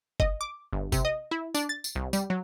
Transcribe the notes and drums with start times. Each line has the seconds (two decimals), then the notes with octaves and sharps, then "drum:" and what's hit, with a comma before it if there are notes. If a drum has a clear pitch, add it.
0.20 D#5, drum: kick
0.41 D6
0.73 G1
0.92 C3, drum: kick, tambourine
1.05 D#5
1.31 E4
1.55 D4, drum: tambourine
1.69 A6
1.84 drum: tambourine
1.95 C2
2.13 G3, drum: tambourine
2.30 F#3